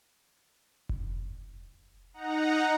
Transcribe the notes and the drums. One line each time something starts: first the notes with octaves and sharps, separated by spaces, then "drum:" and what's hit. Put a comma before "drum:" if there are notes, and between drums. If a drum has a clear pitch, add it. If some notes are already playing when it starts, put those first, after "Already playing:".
drum: kick F1
D#4 F#5 A#5